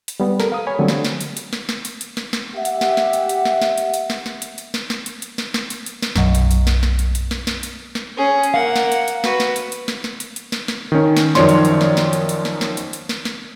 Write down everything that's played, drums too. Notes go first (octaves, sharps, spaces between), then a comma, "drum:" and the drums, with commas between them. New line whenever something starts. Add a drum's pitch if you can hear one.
drum: hi-hat
G3 B3
A4 A#4, drum: snare
F5 D#6
C#5 G#5 B5
D3 F#3 G3 A3 C4
drum: snare
drum: snare
drum: hi-hat
drum: hi-hat
drum: snare
drum: snare
drum: hi-hat
drum: hi-hat
drum: snare
drum: snare
G4 E5 F#5
drum: hi-hat
drum: snare
drum: snare
drum: hi-hat
drum: hi-hat
drum: snare
drum: snare
drum: hi-hat
drum: hi-hat
drum: snare
drum: snare
drum: hi-hat
drum: hi-hat
drum: snare
drum: snare
drum: hi-hat
drum: hi-hat
drum: snare
drum: snare
drum: hi-hat
drum: hi-hat
drum: snare
B1 F#2, drum: snare
drum: hi-hat
drum: hi-hat
drum: snare
drum: snare
drum: hi-hat
drum: hi-hat
drum: snare
drum: snare
drum: hi-hat
drum: snare
C#4 G#4
drum: hi-hat
A#3 F5 F#5
drum: snare
drum: hi-hat
drum: hi-hat
F#4 B4, drum: snare
drum: snare
drum: hi-hat
drum: hi-hat
drum: snare
drum: snare
drum: hi-hat
drum: hi-hat
drum: snare
drum: snare
D#3 C#4
drum: snare
F#2 D#3 F3 C#5 D5 C6, drum: snare
drum: hi-hat
drum: hi-hat
drum: snare
drum: snare
drum: hi-hat
drum: hi-hat
drum: snare
drum: snare
drum: hi-hat
drum: hi-hat
drum: snare
drum: snare